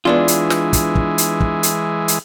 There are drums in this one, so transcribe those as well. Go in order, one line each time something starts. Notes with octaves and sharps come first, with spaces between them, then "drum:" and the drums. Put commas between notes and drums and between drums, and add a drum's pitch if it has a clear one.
E3 G#3 B3 D4 F4
drum: hi-hat
drum: snare
drum: kick, hi-hat
drum: kick
drum: hi-hat
drum: kick
drum: hi-hat
drum: hi-hat